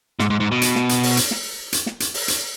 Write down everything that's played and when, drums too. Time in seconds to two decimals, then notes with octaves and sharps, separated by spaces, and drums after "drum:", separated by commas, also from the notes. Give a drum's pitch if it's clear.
0.19 G#2, drum: snare
0.30 G#2
0.40 G#2
0.52 B2
0.62 drum: hi-hat
0.75 drum: snare
0.89 drum: hi-hat
1.03 drum: open hi-hat
1.17 drum: hi-hat
1.31 drum: snare
1.73 drum: hi-hat
1.86 drum: snare
2.00 drum: hi-hat
2.14 drum: open hi-hat
2.28 drum: hi-hat